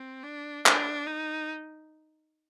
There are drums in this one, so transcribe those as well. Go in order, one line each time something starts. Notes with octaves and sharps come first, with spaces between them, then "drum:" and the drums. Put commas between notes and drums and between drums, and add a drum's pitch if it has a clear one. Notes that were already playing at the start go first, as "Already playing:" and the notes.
Already playing: C4
D4
D4, drum: clap
D#4